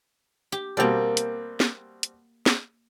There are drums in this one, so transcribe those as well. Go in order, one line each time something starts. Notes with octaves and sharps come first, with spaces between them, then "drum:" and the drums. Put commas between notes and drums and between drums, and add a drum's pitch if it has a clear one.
G4
B2 G3 A#3 C4 D5
drum: hi-hat
drum: snare
drum: hi-hat
drum: snare